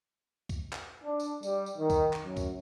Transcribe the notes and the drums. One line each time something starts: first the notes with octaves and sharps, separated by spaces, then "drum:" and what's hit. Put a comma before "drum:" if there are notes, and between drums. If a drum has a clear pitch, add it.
drum: kick, tambourine
drum: clap
D4
drum: tambourine
G3, drum: tambourine
drum: tambourine
D#3
drum: kick, tambourine
drum: clap
F#2
drum: kick, tambourine